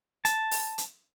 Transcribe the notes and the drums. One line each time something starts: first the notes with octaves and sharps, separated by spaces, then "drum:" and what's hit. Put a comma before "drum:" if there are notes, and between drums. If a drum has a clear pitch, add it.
A5, drum: hi-hat
drum: open hi-hat
drum: hi-hat